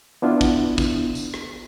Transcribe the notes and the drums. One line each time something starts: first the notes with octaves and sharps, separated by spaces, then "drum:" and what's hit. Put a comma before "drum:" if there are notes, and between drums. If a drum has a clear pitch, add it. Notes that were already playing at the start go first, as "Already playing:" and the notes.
B3 D4 E4 F4
drum: kick, tambourine
drum: kick, tambourine
drum: tambourine
drum: rim click